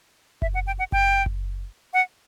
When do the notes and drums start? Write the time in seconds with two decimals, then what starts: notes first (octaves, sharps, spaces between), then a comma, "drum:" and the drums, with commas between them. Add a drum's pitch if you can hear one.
0.42 E5, drum: kick F#1
0.54 F#5
0.67 G5
0.79 F#5
0.92 G5, drum: kick F#1
1.26 drum: kick F#1
1.93 F#5